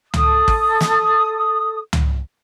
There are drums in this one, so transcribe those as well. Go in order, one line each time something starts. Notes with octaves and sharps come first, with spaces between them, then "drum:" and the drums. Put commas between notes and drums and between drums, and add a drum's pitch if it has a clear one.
A4 D#6, drum: tom
drum: kick
drum: snare
drum: tom